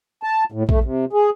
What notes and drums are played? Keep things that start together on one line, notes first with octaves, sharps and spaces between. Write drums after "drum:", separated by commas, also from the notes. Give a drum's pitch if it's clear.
A5
A2
A3, drum: kick
C3
G#4